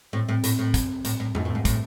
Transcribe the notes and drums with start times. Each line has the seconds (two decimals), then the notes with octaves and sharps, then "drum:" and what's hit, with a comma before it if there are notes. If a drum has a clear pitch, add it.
0.13 A2 C4
0.29 A2
0.44 A2, drum: hi-hat
0.59 A2
0.74 drum: kick, hi-hat
1.05 A2, drum: hi-hat
1.20 A2
1.35 G#2 A3, drum: tom F2
1.45 A2
1.50 G#2 A3
1.65 A2, drum: kick, hi-hat